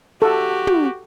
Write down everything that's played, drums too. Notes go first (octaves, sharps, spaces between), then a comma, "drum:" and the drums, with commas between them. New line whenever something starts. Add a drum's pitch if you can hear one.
F#4 G4 A4
drum: tom